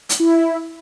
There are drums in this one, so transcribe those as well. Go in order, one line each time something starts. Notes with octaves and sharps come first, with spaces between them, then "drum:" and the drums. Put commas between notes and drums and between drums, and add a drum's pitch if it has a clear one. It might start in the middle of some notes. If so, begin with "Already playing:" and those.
drum: hi-hat
E4